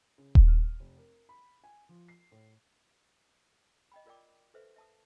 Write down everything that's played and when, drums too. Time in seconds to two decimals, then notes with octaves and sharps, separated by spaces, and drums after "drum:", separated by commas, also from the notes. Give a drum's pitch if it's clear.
0.18 C#3
0.35 D#7, drum: kick D#1
0.48 F6
0.80 F1
0.97 A#4
1.29 B5
1.64 G#5
1.89 F3
2.08 C7
2.32 A2
3.92 D#5 G5 B5
4.06 F4 A#4 D5 F5 G5 D6
4.54 A4 B4 C5 E5 F5
4.76 E5 A5 D#6